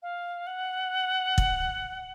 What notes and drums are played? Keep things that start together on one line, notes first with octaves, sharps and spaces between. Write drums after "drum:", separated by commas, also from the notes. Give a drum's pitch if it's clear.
F5
F#5
drum: kick